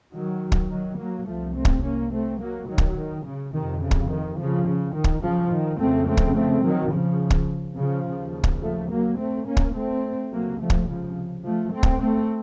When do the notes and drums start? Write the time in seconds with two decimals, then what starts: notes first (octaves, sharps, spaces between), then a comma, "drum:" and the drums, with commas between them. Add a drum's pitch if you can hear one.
0.14 D#3 F#3
0.52 drum: kick
0.71 D#3 F#3
0.99 F#3 A#3
1.27 C2 C3 F3 A3
1.55 A3 C4
1.65 drum: kick
1.83 A#3 C#4
2.12 A3 C4
2.40 F#3 A#3
2.69 D#3 F#3
2.78 drum: kick
2.97 D#3
3.25 C#3
3.53 F2 C3 D#3
3.81 C#3
3.91 drum: kick
4.10 D#3
4.38 C#3 F3
4.66 C#3
4.94 D#3
5.04 drum: kick
5.23 C#3 F3
5.51 D#3
5.80 F2 C#3 A3 C4
6.08 A3 C4
6.17 drum: kick
6.36 A3 C4
6.64 D#3 F#3
6.93 C#3 F3
7.30 drum: kick
7.77 C#3 F3
8.06 D#2 C#3
8.44 drum: kick
8.62 F3 A3
8.91 F#3 A#3
9.19 A3 C4
9.47 A#3 C#4
9.57 drum: kick
9.76 A3 C4
10.32 C#2 C3 F#3 A#3
10.60 F3 A3
10.70 drum: kick
10.89 C#3 F3
11.45 F3 A3
11.73 A3 C4
11.83 drum: kick
12.02 A3 C4